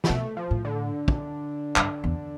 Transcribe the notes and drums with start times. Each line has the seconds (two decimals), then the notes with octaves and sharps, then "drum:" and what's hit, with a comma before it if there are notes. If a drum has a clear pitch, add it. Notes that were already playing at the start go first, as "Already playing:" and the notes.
0.04 B3, drum: snare
0.09 B2 A3
0.37 F3
0.51 A2
0.65 D3
1.08 drum: kick
1.76 G2, drum: clap
2.04 E2